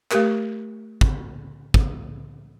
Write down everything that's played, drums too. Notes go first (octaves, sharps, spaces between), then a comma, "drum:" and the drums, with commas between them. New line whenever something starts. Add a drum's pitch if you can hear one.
A3 G4 A#4, drum: clap
drum: kick
drum: kick